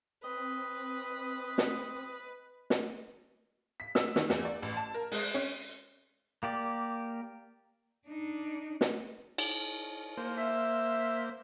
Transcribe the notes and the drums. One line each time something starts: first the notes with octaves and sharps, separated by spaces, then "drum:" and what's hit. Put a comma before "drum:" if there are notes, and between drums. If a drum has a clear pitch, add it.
C4 B4 D#5
drum: snare
drum: snare
B6
E6, drum: snare
D#3, drum: snare
E2, drum: snare
D5
A1
A5
A#4
G#3, drum: open hi-hat
C#4
A#3 G4 D5
D4 D#4
drum: snare
drum: cymbal
A#3 C5
E5